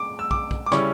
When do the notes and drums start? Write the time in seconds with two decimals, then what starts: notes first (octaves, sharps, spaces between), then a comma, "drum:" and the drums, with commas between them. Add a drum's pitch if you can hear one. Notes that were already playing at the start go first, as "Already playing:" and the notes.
Already playing: D6
0.19 E6
0.31 D6, drum: kick
0.51 drum: kick
0.66 D6
0.72 C#3 G3 C#4 E4 C#6, drum: snare